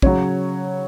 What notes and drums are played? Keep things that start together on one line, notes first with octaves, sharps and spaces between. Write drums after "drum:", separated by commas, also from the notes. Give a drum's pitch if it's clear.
C#3 F#3 C#5, drum: kick